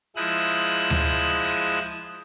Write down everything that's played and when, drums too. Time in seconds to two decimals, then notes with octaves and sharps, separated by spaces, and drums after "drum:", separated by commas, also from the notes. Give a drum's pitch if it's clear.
0.16 F3 G#3 E4 D#6 E6 F#6
0.90 drum: tom D2